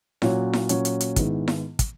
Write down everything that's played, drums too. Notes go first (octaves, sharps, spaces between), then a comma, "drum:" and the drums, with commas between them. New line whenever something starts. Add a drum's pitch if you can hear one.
A#2 F#3 C#4 F#4 C#5, drum: snare E4
drum: snare E4
A#2 F#3 C#4 F#4 C#5, drum: hi-hat
drum: hi-hat
drum: hi-hat
G#2 D#3 G#3 B3 E4, drum: kick, hi-hat
drum: snare E4
drum: kick, hi-hat